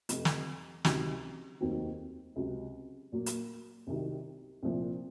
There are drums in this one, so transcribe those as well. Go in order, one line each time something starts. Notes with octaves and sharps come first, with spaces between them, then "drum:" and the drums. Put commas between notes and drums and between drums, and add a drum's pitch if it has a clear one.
F1 F2 C3, drum: hi-hat
drum: snare
C#2 C3 D#3 F#3, drum: snare
F1 D#2 D#3 F#3 C4
C#2 C3 F#3
A#2 F#3 A#3
drum: hi-hat
C2 C3 D#3 F#3
C2 A#2 F3